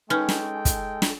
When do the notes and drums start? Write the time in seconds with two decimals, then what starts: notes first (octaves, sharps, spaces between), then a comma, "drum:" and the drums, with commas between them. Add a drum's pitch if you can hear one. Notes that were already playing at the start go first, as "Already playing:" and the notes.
0.10 G#3 C#4 D#4 A4 B4 G5
0.29 drum: snare
0.65 drum: kick, hi-hat
1.02 drum: snare